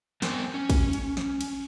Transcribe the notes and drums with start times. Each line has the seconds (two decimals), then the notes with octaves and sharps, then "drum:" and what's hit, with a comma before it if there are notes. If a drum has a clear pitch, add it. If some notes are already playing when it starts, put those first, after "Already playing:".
0.22 B3 C4 A#4 C5 G5 G#5, drum: snare
0.54 C#4
0.70 drum: kick, cymbal
0.93 drum: cymbal
1.17 drum: snare
1.41 drum: cymbal